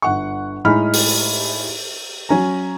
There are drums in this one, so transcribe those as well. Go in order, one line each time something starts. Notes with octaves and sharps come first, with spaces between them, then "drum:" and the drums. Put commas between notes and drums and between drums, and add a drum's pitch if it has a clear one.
G1 F#5 C#6
A2 G#3 D#4 D#5 B5 F6
drum: open hi-hat
F#3 C#4 A#5